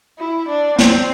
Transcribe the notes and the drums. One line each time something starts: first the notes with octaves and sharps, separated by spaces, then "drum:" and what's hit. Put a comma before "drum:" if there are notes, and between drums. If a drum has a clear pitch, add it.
E4
D4
C4, drum: snare